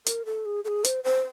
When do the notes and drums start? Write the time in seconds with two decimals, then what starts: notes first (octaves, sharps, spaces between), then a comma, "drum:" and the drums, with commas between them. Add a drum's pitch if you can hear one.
0.06 A#4, drum: hi-hat
0.25 A4
0.46 G#4
0.64 A4
0.68 G#4
0.84 C5, drum: hi-hat
1.04 C5